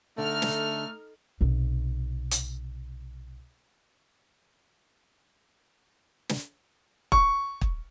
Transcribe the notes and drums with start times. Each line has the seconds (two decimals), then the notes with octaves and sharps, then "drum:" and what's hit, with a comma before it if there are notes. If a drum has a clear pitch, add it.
0.18 D3 A3 D#4 F6
0.42 drum: snare
1.41 B1 C3
2.31 drum: hi-hat
6.29 drum: snare
7.12 C#6, drum: kick
7.61 drum: kick